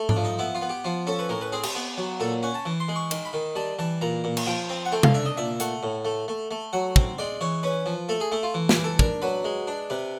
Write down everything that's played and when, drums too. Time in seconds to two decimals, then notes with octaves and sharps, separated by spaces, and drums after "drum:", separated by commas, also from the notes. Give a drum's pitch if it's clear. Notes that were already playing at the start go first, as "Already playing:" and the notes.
Already playing: A3
0.09 D4, drum: tom G#2
0.16 F3
0.24 D#4
0.39 B3 E4
0.55 F4
0.61 B3
0.69 G4
0.84 F3 F4
1.07 C#4 A4
1.19 B4
1.29 A2 A#4
1.41 B4
1.52 C4 G#4
1.63 G4, drum: cymbal
1.75 B3
1.97 F#3
2.20 A#2 A4
2.43 C#4 F#5
2.54 A5
2.65 E3
2.80 C6
2.88 G#3
2.96 C#6
3.11 D#3, drum: cymbal
3.25 B5
3.33 D#3
3.55 G3 A5
3.79 E3 A5
4.01 A#2 A#5
4.24 A#2
4.37 drum: cymbal
4.47 F3 G5
4.69 C4
4.85 F#5
4.92 A3 G5
5.03 F5, drum: tom C3
5.14 D4 E5
5.25 D#5
5.37 A#2 E5
5.60 A3 F#5, drum: hi-hat
5.83 A2
6.05 A3
6.28 A3
6.51 A3
6.73 F#3 F#5
6.96 C4, drum: kick
7.18 G#3 D5
7.41 E3 C#5
7.63 C#4 B4
7.86 F3
8.09 A3 A4
8.20 G#4
8.32 A3 E4
8.43 F4
8.54 E3
8.69 G4, drum: snare
8.77 E3
8.84 A4
8.99 D4 A#4, drum: kick
9.22 F#3 B4
9.44 G#3
9.67 D4
9.90 C3 B4